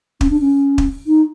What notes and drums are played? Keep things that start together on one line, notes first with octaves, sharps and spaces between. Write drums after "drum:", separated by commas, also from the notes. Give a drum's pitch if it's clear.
C#4, drum: kick
D4
C#4
drum: kick
D#4